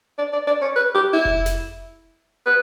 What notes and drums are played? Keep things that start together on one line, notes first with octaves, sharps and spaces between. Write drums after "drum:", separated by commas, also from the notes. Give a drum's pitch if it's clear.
D5
D5
D5
C#5
B4
G4
E4
drum: kick F1
drum: snare
B4